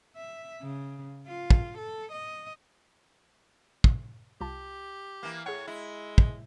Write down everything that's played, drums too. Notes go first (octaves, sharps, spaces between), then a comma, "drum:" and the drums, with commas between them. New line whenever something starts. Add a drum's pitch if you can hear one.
E5
C#3
F4
drum: kick
A4
D#5
drum: kick
C2 F4 G4 A5
E3 A#3
A2 G#4 C#5 F#5
G#3 E4
drum: kick